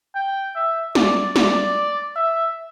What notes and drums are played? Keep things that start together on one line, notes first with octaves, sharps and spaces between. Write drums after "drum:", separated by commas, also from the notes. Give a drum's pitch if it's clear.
G5
E5
D5, drum: snare
D5, drum: snare
E5